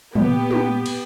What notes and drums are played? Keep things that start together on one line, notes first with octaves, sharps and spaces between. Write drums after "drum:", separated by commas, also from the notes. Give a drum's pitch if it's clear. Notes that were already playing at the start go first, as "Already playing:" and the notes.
A#2 B3 G4, drum: tom
drum: tom
drum: cymbal